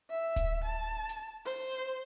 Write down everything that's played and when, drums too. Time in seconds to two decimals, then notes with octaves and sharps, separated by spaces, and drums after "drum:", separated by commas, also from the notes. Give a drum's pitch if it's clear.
0.11 E5
0.36 drum: kick D1, hi-hat
0.65 A5
1.09 drum: hi-hat
1.45 C5, drum: open hi-hat